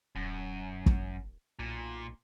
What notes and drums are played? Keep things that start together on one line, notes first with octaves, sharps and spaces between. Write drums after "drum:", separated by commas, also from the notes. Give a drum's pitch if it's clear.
D#1 F#2
drum: kick
B1 A#2